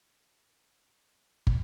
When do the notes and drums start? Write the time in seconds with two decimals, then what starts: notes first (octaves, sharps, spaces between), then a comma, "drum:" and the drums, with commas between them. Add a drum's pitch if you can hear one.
0.18 A2 C3
0.25 B2
0.30 A#2
0.41 A#2
0.50 A2 C#3
0.67 A2
0.78 A#2
0.88 A2
1.15 D#3
1.47 drum: kick